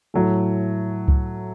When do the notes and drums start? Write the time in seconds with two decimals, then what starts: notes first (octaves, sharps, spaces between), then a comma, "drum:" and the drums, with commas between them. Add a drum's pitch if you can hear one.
0.14 A2 F#3 A3
1.08 drum: kick C#2